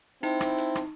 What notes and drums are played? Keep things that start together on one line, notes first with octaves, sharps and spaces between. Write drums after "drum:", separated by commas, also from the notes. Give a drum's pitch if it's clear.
C4 D#4 E4, drum: hi-hat
drum: rim click
drum: hi-hat
drum: rim click